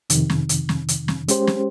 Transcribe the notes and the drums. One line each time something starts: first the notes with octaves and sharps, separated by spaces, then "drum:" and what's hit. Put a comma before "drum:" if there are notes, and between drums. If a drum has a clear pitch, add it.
F2 C3 D#3, drum: hi-hat
drum: snare
drum: hi-hat
drum: snare
drum: hi-hat
drum: snare
G#3 C#4 G4 C5, drum: hi-hat
drum: snare